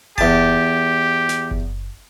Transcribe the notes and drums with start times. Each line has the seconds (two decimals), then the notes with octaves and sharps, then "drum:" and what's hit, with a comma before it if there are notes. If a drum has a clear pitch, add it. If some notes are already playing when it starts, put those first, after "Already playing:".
0.18 E2 G4 A5, drum: kick F#1
1.29 drum: snare
1.51 drum: kick F#1